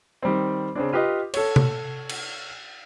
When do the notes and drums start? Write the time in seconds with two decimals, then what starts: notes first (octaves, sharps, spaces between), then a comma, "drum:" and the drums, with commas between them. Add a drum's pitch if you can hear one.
0.23 D#3 G3 C4
0.75 C#3 C4 D4
0.93 F4 G4 B4 D#5
1.34 A4 C#5, drum: cymbal
1.56 drum: tom C3
2.09 drum: cymbal